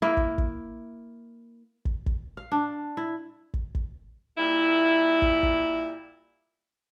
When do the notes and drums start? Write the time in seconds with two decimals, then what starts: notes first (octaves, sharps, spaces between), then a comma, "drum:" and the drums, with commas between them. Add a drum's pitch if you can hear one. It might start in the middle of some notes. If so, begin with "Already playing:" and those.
0.02 A#3 E4
0.17 drum: kick
0.38 drum: kick
1.85 drum: kick
2.06 drum: kick
2.37 F5
2.52 D4
2.97 E4
3.54 drum: kick
3.75 drum: kick
4.38 A#2 G3 A#3 E4
5.22 drum: kick
5.43 drum: kick